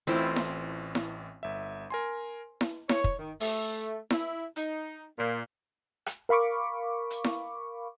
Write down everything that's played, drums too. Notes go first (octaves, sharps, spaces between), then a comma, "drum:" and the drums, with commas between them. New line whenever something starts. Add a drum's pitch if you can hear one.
A1 A2 E3 C4 E4 F4
drum: snare E4
drum: snare E4
G1 E5
A#4 G#5 C6
drum: snare E4
C#5, drum: snare E4
drum: kick
D#3
A3, drum: open hi-hat
E4, drum: snare E4
D#4, drum: hi-hat
A#2
drum: rim click
A#4 F5 B5 C#6 D6
drum: hi-hat
drum: snare E4